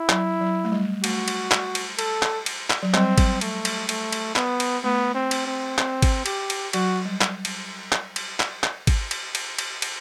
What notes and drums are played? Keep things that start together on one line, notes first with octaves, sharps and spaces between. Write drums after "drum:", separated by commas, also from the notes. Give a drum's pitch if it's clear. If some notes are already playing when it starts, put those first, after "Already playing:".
Already playing: E4
F#3, drum: clap
F#3
A3
G3
A3 F#4, drum: cymbal
drum: cymbal
drum: clap
drum: cymbal
A4, drum: cymbal
drum: clap
drum: cymbal
drum: clap
F#3
G3 C4, drum: clap
drum: kick, cymbal
A3, drum: cymbal
drum: cymbal
A3, drum: cymbal
drum: cymbal
B3, drum: clap
drum: cymbal
A3 B3
C4
drum: cymbal
C4
C4, drum: clap
drum: kick, cymbal
G4, drum: cymbal
drum: cymbal
F#3 F#4, drum: cymbal
G3
drum: clap
drum: cymbal
drum: clap
drum: cymbal
drum: clap
drum: clap
drum: kick, cymbal
drum: cymbal
drum: cymbal
drum: cymbal
drum: cymbal